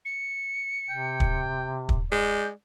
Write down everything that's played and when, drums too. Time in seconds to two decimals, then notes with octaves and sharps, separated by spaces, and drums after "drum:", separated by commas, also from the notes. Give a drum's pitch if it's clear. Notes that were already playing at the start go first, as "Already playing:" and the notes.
0.05 C#7
0.90 C3 G5
1.20 drum: kick
1.89 drum: kick
2.12 G#3 D5 G6